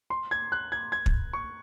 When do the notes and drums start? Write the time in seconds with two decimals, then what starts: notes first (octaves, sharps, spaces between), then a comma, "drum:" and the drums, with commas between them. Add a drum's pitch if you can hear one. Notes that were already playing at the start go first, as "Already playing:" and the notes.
0.10 C6
0.31 G#6
0.52 F#6
0.72 G#6
0.92 G#6
1.06 drum: kick
1.33 C#6